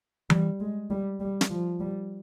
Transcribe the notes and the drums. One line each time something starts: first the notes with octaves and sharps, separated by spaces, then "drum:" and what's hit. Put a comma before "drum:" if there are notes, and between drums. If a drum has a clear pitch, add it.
G3, drum: tom E3
G#3
G3
G3
drum: snare
F3
G3